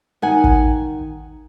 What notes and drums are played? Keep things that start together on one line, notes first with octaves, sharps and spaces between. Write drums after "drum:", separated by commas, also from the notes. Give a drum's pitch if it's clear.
D#3 F#5 G#5
drum: kick